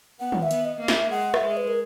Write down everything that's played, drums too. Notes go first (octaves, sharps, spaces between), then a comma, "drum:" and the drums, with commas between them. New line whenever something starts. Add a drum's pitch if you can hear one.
B3 F#5
drum: tom D#3
E5
B3, drum: hi-hat
D#5
A#3
E5, drum: snare
G#3 F#5
E5, drum: rim click
G#3
B4
A#4